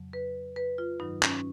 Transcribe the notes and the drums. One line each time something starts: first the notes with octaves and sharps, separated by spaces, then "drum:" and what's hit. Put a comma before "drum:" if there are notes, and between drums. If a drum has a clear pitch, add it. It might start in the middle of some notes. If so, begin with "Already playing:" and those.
Already playing: F2 C#3 F#3
B4
B4
F4
G2 D#3 F#3 D#4
C#4, drum: clap